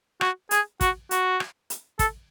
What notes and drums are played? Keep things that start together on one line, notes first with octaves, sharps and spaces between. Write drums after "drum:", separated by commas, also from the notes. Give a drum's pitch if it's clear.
F#4, drum: rim click
G#4, drum: hi-hat
F#4, drum: kick, hi-hat
F#4, drum: hi-hat
drum: rim click
drum: hi-hat
A4, drum: kick, hi-hat